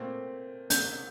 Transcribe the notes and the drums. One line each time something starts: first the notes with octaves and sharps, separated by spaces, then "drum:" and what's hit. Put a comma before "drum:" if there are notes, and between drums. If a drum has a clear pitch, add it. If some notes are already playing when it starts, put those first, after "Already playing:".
Already playing: A#2 A3 C4
G6, drum: hi-hat